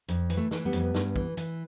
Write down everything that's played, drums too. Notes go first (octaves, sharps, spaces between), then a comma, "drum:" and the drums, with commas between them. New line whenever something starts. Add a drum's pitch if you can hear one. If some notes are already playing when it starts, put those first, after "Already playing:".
F2, drum: hi-hat
E3, drum: hi-hat
A3
E3, drum: snare
G3 B3
F2, drum: hi-hat
G2, drum: snare
E3, drum: kick
E3, drum: hi-hat